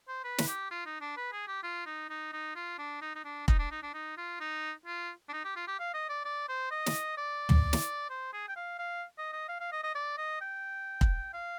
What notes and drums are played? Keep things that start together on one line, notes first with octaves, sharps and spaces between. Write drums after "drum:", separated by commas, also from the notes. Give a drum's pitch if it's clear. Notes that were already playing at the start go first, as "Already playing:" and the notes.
C5
B4
drum: snare
G4
F4
D#4
D4
B4
G#4
G4
F4
D#4
D#4
D#4
F4
D4
D#4
D#4
D4
D#4, drum: kick
D4
D#4
D4
D#4
F4
D#4
F4
D4
D#4
G4
F4
G4
F5
D#5
D5
D5
C5
D#5
drum: snare
D5
drum: tom
drum: snare
C5
G#4
G5
F5
F5
D#5
D#5
F5
F5
D#5
D#5
D5
D#5
G5
drum: kick
F5